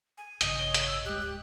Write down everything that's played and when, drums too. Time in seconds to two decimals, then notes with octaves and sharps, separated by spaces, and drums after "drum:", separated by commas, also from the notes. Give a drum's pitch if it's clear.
0.18 G#5
0.41 A1 G2 C#3 D#5, drum: hi-hat
0.58 C#5 G7
0.74 drum: hi-hat
0.86 E6
1.05 D1 G#3 G4 F#6
1.21 G4